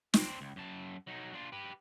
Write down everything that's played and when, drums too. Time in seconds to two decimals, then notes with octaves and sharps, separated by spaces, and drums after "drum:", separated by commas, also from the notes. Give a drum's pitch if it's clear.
0.14 C4 D4, drum: snare
0.41 C#2
0.56 F#2 A5
1.07 F#3 D#4
1.33 D4 F4
1.52 G4 B4